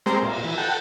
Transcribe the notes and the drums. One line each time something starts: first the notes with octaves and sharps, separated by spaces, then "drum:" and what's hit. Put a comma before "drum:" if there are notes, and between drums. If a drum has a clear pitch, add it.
G3 G#3 C4 A#4 C5, drum: snare
A#2, drum: cymbal
E3
A4 F#5 G5